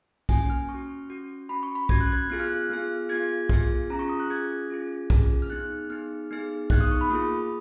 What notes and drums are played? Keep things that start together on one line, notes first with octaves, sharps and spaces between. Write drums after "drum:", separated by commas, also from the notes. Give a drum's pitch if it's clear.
A#3 C#4 F#4 G#5, drum: kick B1
F6
C#4 C#6
F#4
C#4 F#4
C#4 F#4 B5
C#6
B5
C#4 F#4 G#6, drum: kick B1
F#6
G#6
B3 F4 G#4 F#6
F6
F#6
B3 F4 G#4
B3 F4 G#4 G#6
B3 F4 G#4, drum: kick B1
C#4 F4 G#4 A#5
C#6
D#6
F#6
C#4 F4 G#4 G#6
C#4 F4 G#4
C#4 F4 G#4, drum: kick B1
F6
B3 D#4 G#4 F#6
B3 D#4 G#4 F6
B3 D#4 G#4
B3 D#4 G#4 F#6, drum: kick B1
D#6
C#6
B5
A#3 F4 G#4 D#6